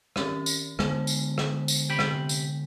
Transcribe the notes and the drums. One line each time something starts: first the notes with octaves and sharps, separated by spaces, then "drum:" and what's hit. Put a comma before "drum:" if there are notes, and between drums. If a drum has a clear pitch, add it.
D#3 C#4 G4, drum: rim click
drum: tambourine
D3 G#3 B3 C5 G#5, drum: rim click
drum: tambourine
drum: rim click
drum: tambourine
C3 G5 B5
drum: rim click
drum: tambourine